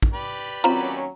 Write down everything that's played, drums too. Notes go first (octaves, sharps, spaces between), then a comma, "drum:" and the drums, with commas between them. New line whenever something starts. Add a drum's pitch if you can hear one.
drum: kick
G4 B4 D5
D#2 F#3 C4 C#4 F4 A#5